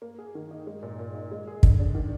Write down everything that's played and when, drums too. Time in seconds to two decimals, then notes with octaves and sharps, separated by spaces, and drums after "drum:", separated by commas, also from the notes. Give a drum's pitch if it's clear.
0.02 A#3
0.19 G#4
0.35 D#3
0.51 D#4
0.67 G#3
0.83 A#2
0.99 A#2
1.15 D#4
1.31 G#3
1.47 G#4
1.63 D3, drum: kick
1.79 D4
1.95 D#3